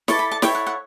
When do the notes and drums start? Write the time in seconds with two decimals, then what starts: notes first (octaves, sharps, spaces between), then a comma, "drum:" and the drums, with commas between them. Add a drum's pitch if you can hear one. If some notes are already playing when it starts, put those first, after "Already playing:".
0.08 E4 A4 D5 C#6, drum: snare
0.19 B5
0.31 A5
0.42 E4 A4 C#5 G5, drum: snare
0.55 F#5
0.67 F#5